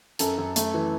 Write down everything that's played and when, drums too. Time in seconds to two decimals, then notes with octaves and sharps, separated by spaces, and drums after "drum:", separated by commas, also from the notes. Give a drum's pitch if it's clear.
0.19 F#2 A4, drum: hi-hat
0.38 F#2
0.56 A3, drum: hi-hat
0.74 E3